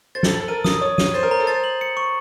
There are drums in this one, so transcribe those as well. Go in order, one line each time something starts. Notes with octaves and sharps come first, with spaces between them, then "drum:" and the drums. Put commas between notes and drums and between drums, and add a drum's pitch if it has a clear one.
C5 A6
A4, drum: snare
F#7
A4
A#4 D#7
D#6, drum: snare
C#5 D#6
D#7, drum: snare
C5 A6
A#4
A#5
A4
C5 A6
F#7
C#7
C#6